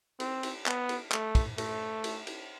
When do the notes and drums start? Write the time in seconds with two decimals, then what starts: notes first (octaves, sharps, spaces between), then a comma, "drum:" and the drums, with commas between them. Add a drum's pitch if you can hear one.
0.20 C4, drum: cymbal
0.43 drum: cymbal
0.66 B3, drum: clap
0.89 drum: cymbal
1.12 A3, drum: clap
1.35 drum: kick, cymbal
1.58 A3, drum: cymbal
2.04 drum: cymbal
2.27 drum: cymbal